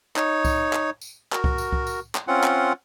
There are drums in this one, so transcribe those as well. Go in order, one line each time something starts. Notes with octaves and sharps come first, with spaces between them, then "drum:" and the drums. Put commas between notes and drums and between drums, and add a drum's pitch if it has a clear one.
D#4 C#5, drum: clap
drum: kick C2, tambourine
drum: clap
drum: tambourine
F#4 A#4, drum: clap
drum: kick C2
drum: tambourine
drum: kick C2
drum: tambourine
drum: clap
C4 C#4 F4 F#5
drum: clap